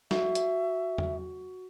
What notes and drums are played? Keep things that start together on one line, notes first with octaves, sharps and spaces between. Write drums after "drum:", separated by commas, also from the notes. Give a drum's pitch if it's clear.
F#4 E5, drum: snare
drum: hi-hat
drum: tom E2